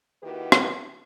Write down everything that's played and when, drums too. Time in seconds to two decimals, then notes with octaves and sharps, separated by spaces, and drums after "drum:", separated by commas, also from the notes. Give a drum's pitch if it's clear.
0.23 D#3 A#3 E4 F#4 G4 B4
0.52 drum: rim click